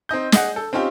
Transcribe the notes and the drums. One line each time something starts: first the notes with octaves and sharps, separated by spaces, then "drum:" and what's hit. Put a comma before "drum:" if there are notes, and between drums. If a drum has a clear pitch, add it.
C4 D#4 D#5 G6
G#4 D#5 F#5, drum: snare
A4
C4 C#4 D#4 F4 G4